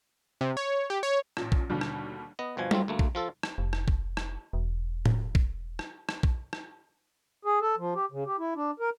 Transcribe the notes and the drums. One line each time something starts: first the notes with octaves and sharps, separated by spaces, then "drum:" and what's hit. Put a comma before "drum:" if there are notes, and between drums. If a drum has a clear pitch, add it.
C3
C#5
G4
C#5
A1 A#2, drum: rim click
drum: kick A#1
D#2 B2 D3 G3
drum: rim click
B3 D#5
G1 B2 F3 G#5
F#3 A3 C4 F4, drum: tom G3
D2 A3 A#3
drum: kick A#1
F3 F4 A4
drum: rim click
F1
drum: rim click
drum: kick A#1
drum: rim click
E1
drum: tom A2
drum: kick A#1
drum: rim click
drum: rim click
drum: kick A#1
drum: rim click
G#4
A4
F3
G4
C#3
G4
E4
D4
A#4